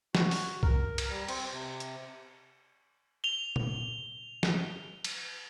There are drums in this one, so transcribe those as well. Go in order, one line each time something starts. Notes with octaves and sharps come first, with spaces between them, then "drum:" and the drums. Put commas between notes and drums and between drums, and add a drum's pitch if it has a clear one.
F#4, drum: snare
drum: open hi-hat
A#4, drum: kick C2
drum: cymbal
G3
C4, drum: cymbal
C3
drum: hi-hat
F7 G7
drum: tom A#2
drum: snare
drum: cymbal